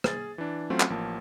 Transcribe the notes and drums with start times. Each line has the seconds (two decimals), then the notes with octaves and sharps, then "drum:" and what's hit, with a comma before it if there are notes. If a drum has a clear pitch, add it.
0.04 G#4 A6, drum: rim click
0.38 E3 D4
0.70 F#3 A3 C4 C#4 F4
0.80 drum: clap
0.90 A1 F3 A#3 A5